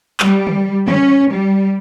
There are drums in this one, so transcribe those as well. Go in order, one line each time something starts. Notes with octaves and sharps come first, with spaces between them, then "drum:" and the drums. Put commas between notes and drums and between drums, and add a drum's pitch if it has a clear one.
G3, drum: clap
drum: tom
C#4, drum: tom
G3